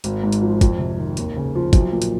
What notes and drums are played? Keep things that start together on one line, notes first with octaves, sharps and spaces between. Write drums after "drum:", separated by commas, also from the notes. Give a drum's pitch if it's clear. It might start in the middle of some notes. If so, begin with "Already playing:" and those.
G#1, drum: hi-hat
G#2
drum: hi-hat
F3
F2, drum: kick, hi-hat
C3
D#3
D#2, drum: hi-hat
C#3
F3
B1, drum: kick, hi-hat
A#2
drum: hi-hat